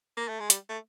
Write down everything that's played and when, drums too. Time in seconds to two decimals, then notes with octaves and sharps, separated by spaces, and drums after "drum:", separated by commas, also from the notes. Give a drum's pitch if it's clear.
0.17 A#3
0.28 A3
0.40 G#3
0.50 G3, drum: hi-hat
0.69 A3